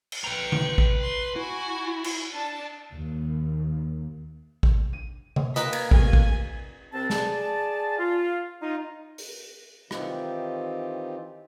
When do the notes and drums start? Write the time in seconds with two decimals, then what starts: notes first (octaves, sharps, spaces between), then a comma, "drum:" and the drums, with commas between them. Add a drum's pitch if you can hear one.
0.12 drum: cymbal
0.24 B4 G5 A#5 C#7
0.52 drum: tom D3
0.78 drum: kick
1.01 C6
1.36 E4 F#4 G#5
2.04 drum: cymbal
2.33 D4 A5
2.92 D#2
4.63 drum: kick
4.93 D#7
5.36 drum: tom C#3
5.56 D#3 A#3 B4 D#5 B6, drum: hi-hat
5.73 drum: cymbal
5.91 C3 A3 F5 G#5, drum: kick
6.13 drum: kick
6.93 C2 C4 A5
7.10 G#4 D5 A5, drum: snare
7.98 F4
8.61 D#4 F4
9.18 drum: open hi-hat
9.91 D#3 E3 C4 D#4 F4 G4, drum: rim click